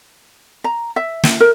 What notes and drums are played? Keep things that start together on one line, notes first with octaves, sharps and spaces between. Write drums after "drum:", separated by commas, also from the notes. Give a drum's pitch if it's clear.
A#5
E5
drum: snare
A#4